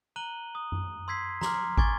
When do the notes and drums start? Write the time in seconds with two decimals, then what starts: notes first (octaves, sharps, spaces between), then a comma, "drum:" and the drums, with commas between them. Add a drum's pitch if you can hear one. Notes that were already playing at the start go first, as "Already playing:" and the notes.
0.16 A#5 F#6 D#7 F#7 G7
0.55 D#6
0.72 drum: tom F#2
1.08 C6 E6 G#6 B6 C7
1.41 A#5 C6 D6 F6, drum: snare
1.77 G#5 C#6 D6 G#6 A6 G7, drum: kick